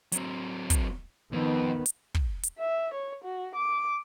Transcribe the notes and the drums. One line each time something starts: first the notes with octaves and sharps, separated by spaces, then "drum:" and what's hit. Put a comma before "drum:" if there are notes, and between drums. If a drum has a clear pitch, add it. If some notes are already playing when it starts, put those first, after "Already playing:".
F#3 C4, drum: hi-hat
drum: kick, hi-hat
F2 D#3 B3
drum: hi-hat
drum: kick
drum: hi-hat
E5
C#5
F#4
D6